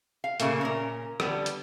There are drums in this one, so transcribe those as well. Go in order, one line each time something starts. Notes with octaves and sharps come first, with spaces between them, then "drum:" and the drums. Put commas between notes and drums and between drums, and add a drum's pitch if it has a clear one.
F5
A#2 C#3 A3 A#3, drum: hi-hat
A#2 C#4 A#4
D3 G3 B3, drum: rim click
drum: hi-hat